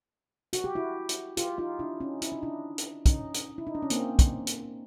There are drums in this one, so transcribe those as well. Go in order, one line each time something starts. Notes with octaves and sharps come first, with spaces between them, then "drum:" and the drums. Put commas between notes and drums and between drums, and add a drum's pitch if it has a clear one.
F#4, drum: hi-hat
G4
E4 F#4
drum: hi-hat
F4 G4, drum: hi-hat
D#4 F4
D4 E4
C#4 D#4
E4, drum: hi-hat
D#4
D4 E4
drum: hi-hat
C#4 D#4, drum: kick, hi-hat
drum: hi-hat
E4
D#4
D4
C#4
A#3 C4, drum: hi-hat
drum: kick, hi-hat
drum: hi-hat